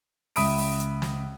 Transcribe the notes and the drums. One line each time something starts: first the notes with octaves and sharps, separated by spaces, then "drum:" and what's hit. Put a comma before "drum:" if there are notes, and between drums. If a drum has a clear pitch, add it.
C#2 E5 B5 D#6 D7, drum: open hi-hat
drum: open hi-hat
drum: hi-hat
drum: snare